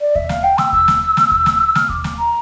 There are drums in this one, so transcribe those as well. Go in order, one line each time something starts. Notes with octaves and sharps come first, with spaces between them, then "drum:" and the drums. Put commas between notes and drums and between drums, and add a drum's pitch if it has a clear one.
D5
E5, drum: kick D#2
F5, drum: snare
G5
E6, drum: snare
E6, drum: kick D#2
drum: snare
drum: snare
drum: kick D#2
drum: snare
F6, drum: snare
D6, drum: kick D#2
drum: snare
A#5